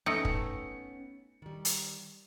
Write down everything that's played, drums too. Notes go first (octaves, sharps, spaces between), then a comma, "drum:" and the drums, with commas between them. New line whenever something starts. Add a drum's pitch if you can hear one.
A3 B3 C#4 D#4 G5 C#7
drum: kick
D#3 G3
drum: hi-hat